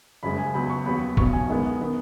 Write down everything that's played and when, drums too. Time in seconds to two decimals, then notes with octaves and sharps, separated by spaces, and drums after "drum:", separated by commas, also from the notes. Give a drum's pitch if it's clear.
0.23 F#1 F#2 C#3 G#3 B5
0.38 G#5
0.54 C#2 C#3 F#3 B3 B5
0.70 C#6
0.86 D#2 C#3 F#3 B3 B5
1.17 B1 B2 B3 C#6, drum: kick
1.33 G#5
1.48 F#2 D#3 G#3 B3
1.81 D#3 B3